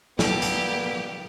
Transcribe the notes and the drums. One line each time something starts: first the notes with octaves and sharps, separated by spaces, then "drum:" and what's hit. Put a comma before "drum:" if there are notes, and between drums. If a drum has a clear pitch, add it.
G3 A#3 B3 G4 A4, drum: snare
drum: hi-hat